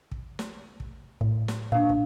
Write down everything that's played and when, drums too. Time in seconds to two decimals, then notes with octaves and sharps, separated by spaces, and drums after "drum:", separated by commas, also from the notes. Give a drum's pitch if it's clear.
0.11 drum: kick
0.39 drum: snare
0.80 drum: kick
1.21 A2, drum: kick
1.48 drum: snare
1.72 A#2 D4 F5
1.89 drum: kick